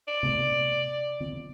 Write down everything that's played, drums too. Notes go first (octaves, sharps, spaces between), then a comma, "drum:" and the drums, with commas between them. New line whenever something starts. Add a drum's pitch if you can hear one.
D5
drum: tom C3
drum: tom